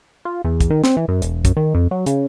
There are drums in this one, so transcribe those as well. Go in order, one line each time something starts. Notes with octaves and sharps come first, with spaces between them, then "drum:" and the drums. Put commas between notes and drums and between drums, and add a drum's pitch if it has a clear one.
F4
E2
drum: kick, hi-hat
D#3
C4, drum: snare
E3
F#2
E1, drum: hi-hat
F#2, drum: kick, hi-hat
D#3
F2
F#3
C#3, drum: hi-hat